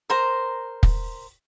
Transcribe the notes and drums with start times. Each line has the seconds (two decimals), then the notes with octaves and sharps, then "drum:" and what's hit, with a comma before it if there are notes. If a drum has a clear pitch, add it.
0.10 A#4 C5 A#5
0.83 drum: kick